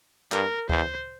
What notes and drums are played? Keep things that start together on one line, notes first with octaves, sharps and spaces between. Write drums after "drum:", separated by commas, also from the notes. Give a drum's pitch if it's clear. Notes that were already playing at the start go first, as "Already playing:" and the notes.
G2 A#4, drum: clap
E2 C5, drum: kick D2